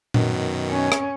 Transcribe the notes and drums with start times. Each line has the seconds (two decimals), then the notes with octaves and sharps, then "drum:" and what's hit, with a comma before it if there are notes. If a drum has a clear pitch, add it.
0.14 F#2 B2 D#3, drum: tom A#2
0.69 C#4
0.92 drum: rim click